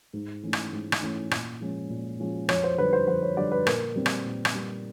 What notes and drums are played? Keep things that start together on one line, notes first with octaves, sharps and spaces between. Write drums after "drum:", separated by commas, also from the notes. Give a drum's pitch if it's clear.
G#2
E3 A3 C#4
drum: rim click
G#2
drum: rim click
E3 A3 C#4
A#2, drum: rim click
F3 G#3 C#4
A#2
F3 G#3 C#4
F2 C#5, drum: rim click
C5
D3 G3 B4
C5
F2 C5
C#5
D3 G3 D5
B4
A#2 A#4, drum: rim click
G3 C4
drum: rim click
A#2
drum: rim click
G3 C4